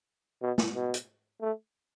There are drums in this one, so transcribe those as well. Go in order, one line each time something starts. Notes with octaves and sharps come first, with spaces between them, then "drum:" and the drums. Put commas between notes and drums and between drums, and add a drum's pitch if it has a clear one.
B2
drum: snare
B2
drum: hi-hat
A3